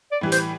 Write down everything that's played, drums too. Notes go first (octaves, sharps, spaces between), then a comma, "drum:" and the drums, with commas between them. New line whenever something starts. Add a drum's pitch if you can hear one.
D5
A2 E3 G3
C5, drum: hi-hat